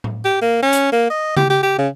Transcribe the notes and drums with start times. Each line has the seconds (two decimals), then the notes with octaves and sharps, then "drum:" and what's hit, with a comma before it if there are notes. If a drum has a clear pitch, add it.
0.04 drum: tom A2
0.25 G4
0.42 A#3
0.62 C#4
0.73 drum: hi-hat
0.92 A#3
1.10 D#5
1.37 G4, drum: tom C#3
1.50 G4
1.63 G4
1.78 C#3